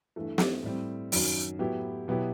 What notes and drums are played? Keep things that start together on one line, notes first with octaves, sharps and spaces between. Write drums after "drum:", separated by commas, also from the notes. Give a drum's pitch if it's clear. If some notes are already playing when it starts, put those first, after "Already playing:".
G2 E3 A3
drum: snare
A2 G3 C4
F#2 D#3 F#3, drum: open hi-hat
A2 F#3 B3 E4 G4
B2 F#3 B3 E4 G4